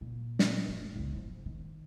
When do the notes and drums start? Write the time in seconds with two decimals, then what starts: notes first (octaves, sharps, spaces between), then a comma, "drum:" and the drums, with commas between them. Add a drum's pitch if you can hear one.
0.01 A#2
0.39 drum: snare
0.68 F#2 A3
0.96 C#2 G#2
1.13 G#2 F3
1.46 D#3